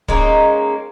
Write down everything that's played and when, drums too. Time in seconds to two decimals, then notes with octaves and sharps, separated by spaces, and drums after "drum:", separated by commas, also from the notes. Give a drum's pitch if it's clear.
0.08 G#3 A#3 C#4 D#4, drum: kick